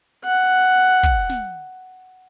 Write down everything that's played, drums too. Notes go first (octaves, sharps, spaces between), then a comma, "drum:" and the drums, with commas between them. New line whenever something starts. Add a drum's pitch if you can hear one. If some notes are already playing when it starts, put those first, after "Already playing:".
F#5
drum: kick
drum: snare